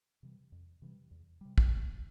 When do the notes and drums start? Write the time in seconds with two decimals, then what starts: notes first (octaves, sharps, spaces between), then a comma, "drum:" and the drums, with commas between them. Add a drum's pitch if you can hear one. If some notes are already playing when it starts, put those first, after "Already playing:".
0.23 C3 E3 G3
0.52 F2
0.82 C3 E3 G3
1.11 E2
1.41 C3 G3
1.58 drum: kick
1.70 E2